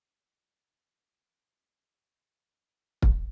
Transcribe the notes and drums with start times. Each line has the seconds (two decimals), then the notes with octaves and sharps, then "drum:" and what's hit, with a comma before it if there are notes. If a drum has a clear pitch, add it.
0.17 F#3
0.66 A3
1.14 B3
1.62 D4
2.11 F#4
2.59 F#4
3.02 drum: kick